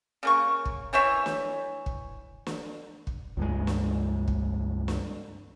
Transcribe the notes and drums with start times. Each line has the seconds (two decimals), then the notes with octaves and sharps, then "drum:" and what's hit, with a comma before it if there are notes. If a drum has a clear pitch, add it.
0.23 C#3 A#3 C#6
0.65 drum: kick
0.93 E3 C5 C#5 E5
1.26 drum: snare
1.86 drum: kick
2.47 drum: snare
3.07 drum: kick
3.37 C#2 G2 G#3
3.67 drum: snare
4.28 drum: kick
4.88 drum: snare